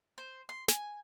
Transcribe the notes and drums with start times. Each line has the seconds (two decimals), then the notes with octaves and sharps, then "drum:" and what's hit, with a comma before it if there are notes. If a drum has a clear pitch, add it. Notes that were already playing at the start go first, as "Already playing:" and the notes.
0.18 C5
0.49 C6
0.68 G#5, drum: snare